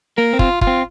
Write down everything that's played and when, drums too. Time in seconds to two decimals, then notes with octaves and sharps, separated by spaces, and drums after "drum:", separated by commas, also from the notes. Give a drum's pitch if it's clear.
0.17 A#3 A#4
0.33 C4
0.39 F4, drum: kick
0.61 F4, drum: kick
0.67 C4